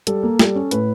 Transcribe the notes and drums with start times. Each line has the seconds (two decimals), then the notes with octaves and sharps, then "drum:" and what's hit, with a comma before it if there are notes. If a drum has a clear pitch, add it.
0.07 G3 A4, drum: hi-hat
0.23 A#3
0.39 G3, drum: snare
0.55 C#4
0.71 A2 B4, drum: hi-hat